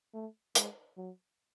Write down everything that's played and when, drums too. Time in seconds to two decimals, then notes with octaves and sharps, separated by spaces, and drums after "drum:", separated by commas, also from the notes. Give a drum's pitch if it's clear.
0.14 A3
0.55 G#3, drum: hi-hat
0.97 F#3